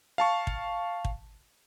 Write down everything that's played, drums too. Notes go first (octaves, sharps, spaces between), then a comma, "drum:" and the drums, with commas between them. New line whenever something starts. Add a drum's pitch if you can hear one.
F5 A5 C#6
drum: kick
drum: kick